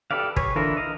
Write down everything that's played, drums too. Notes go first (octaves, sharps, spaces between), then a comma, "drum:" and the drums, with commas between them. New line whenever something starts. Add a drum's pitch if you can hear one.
G4 A4 B4 D5 F5
G#4 B4 C#5, drum: kick
D3 E3 F4 A4 A#4
D#5 F5 A#5